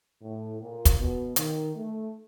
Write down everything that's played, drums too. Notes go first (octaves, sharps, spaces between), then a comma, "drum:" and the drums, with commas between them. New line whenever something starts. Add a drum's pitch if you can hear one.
A2
A#2
drum: kick, hi-hat
B2
D#3, drum: hi-hat
A3